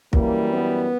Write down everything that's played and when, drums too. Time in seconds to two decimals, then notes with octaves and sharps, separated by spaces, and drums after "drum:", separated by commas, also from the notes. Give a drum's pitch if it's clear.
0.13 F#2 E3 G3 A#3, drum: kick
0.52 B3